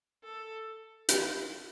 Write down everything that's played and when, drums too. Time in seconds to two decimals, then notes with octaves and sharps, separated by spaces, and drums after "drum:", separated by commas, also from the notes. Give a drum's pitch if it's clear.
0.24 A4
1.09 drum: hi-hat